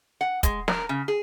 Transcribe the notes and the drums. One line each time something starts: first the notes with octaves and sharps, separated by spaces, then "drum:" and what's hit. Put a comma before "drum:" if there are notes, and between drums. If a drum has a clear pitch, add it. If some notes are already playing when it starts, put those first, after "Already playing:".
F#5
G#3, drum: kick, hi-hat
A#4, drum: snare
C#3
G#4